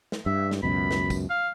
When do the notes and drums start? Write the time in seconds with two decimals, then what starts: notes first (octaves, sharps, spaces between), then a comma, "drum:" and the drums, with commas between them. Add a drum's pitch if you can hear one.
0.12 drum: snare
0.26 G2 E5
0.51 drum: snare
0.63 C#2 F#2 B2 B5
0.91 drum: snare
1.10 drum: kick, tambourine
1.30 F5